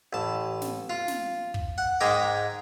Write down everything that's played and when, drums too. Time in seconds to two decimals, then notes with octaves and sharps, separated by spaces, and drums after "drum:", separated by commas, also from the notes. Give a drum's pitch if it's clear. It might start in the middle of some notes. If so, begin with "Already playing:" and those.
0.13 A1 A5
0.62 drum: snare
0.90 F4
1.08 drum: snare
1.54 drum: kick
1.78 F#5
2.00 G#2 G#3 A#4 G5 D6